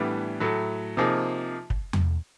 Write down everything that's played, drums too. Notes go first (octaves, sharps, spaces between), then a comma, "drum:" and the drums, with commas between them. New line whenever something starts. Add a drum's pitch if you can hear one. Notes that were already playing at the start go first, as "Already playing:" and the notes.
Already playing: A2 E3 G3 B3 D4
A2 F#3 A3
C3 F3 A#3 D#4 G#4
drum: kick
drum: tom E2